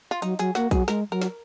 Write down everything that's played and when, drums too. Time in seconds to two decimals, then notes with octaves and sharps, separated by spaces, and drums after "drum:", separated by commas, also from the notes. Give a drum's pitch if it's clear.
0.11 F4
0.22 F#3 D#4, drum: hi-hat
0.39 F#3 G#4, drum: hi-hat
0.55 A#3 F#4, drum: snare
0.71 F#3 G#4, drum: kick A#1, hi-hat
0.88 G#3 A#4, drum: snare
1.11 F#3 A#4
1.22 drum: snare